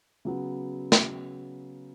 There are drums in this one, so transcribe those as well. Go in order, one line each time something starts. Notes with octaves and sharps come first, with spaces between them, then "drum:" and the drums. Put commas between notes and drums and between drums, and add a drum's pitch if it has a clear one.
C#3 F#3 B3
drum: snare